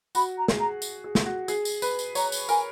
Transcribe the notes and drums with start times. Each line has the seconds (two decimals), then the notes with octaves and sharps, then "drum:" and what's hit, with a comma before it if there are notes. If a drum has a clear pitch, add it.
0.15 F#4 B5, drum: tambourine
0.37 A#5
0.48 G#4, drum: snare
0.59 A#5
0.82 drum: tambourine
1.04 G#4
1.15 drum: snare
1.26 F#4
1.48 G#4, drum: tambourine
1.65 drum: tambourine
1.82 B4, drum: tambourine
1.99 drum: tambourine
2.15 C#5 A#5, drum: tambourine
2.32 drum: tambourine
2.49 A#4 G#5, drum: tambourine